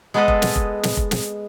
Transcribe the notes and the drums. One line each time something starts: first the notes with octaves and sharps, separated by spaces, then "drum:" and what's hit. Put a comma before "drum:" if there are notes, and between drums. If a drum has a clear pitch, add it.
G#3 B3 G#4 A4 B4 D#5
drum: kick F1
drum: snare
drum: kick F1
drum: snare
drum: kick F1
drum: snare